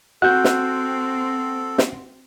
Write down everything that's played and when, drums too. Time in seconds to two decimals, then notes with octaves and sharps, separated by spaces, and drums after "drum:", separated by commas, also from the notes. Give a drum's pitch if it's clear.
0.22 C4 F#4 A4 F#6 G6
0.44 drum: snare
1.78 drum: snare